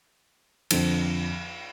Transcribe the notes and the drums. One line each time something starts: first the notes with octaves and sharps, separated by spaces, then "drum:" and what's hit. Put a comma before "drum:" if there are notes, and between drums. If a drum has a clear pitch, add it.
F2 D3 F3 C4, drum: cymbal